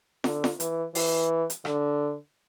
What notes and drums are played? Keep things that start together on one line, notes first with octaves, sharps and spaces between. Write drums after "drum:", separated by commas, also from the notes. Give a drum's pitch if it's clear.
D3, drum: snare
drum: snare
E3, drum: hi-hat
E3, drum: open hi-hat
drum: hi-hat
D3, drum: rim click